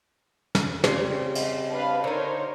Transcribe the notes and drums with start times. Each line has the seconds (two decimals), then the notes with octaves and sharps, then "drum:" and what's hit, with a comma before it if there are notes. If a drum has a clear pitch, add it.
0.55 drum: snare
0.84 C#3 G3 C4, drum: snare
1.35 drum: cymbal
1.71 D4 B4 F5
2.04 D3 D#4 A#4 C5 C#5